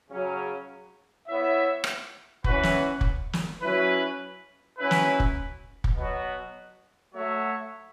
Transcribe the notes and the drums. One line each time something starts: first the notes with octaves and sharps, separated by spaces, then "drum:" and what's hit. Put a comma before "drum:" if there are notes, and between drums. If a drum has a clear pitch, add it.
C#3 F#3 C#4
B3 E4 C#5 E5
drum: rim click
E3 C#4 F#4 B4, drum: kick
drum: snare
drum: kick
drum: snare
F#3 C#4 E4 B4
F#3 C#4 E4 B4
drum: snare
drum: kick
drum: kick
B2 F#3 B3 F#4
F#3 A3 F#4 C#5 E5